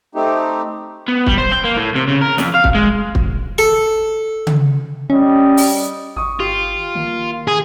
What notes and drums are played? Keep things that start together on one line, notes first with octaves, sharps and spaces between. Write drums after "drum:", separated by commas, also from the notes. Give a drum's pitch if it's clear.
A3 C4 D#4 G4
B3
G3, drum: kick
C5
G5
A#3
A2
C3
C#3
A#4
F2, drum: snare
F5
drum: kick
G#3
drum: kick
A4
drum: tom C#3
G3 C#4 D#5
drum: open hi-hat
G#1 C#6 D#6
F4 G4
D#3 A#3
G#4